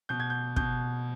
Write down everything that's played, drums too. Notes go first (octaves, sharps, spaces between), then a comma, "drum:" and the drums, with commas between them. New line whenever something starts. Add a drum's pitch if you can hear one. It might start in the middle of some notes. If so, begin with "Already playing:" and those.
B2 G6
G#6
G6
B2 G6, drum: kick